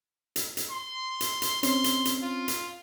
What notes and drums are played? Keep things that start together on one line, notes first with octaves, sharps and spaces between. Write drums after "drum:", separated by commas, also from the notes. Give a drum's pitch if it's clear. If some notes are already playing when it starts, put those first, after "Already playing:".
drum: hi-hat
drum: hi-hat
C6
drum: hi-hat
drum: hi-hat
C4 C#4 C6, drum: hi-hat
drum: hi-hat
drum: hi-hat
F4
drum: hi-hat